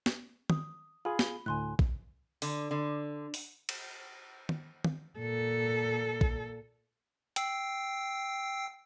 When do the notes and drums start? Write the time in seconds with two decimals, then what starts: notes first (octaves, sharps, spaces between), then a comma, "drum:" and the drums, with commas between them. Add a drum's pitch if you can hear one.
0.06 drum: snare
0.50 D#6, drum: tom D#3
1.05 F4 G#4 B5
1.19 G7, drum: snare
1.46 D2 A2 G#5 C6 F#6
1.79 drum: kick
2.42 D3, drum: open hi-hat
2.71 D3
3.34 drum: open hi-hat
3.69 drum: cymbal
4.49 drum: tom D#3
4.84 drum: tom D#3
5.19 A#2 A4
6.21 drum: kick
7.36 G5 E6 C7, drum: hi-hat